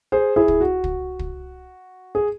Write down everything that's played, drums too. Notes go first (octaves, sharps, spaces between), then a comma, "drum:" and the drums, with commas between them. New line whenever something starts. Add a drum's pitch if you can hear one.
G#4 C5
E4 G#4
drum: kick
F#4
drum: kick
drum: kick
G#4